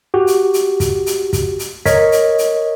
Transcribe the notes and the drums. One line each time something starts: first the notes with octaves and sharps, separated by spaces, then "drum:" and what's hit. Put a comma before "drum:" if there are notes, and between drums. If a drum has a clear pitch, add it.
F#4 G4
drum: hi-hat
drum: hi-hat
drum: kick, hi-hat
drum: hi-hat
drum: kick, hi-hat
drum: hi-hat
A#4 C#5 D#5 B6, drum: kick, hi-hat
drum: hi-hat
drum: hi-hat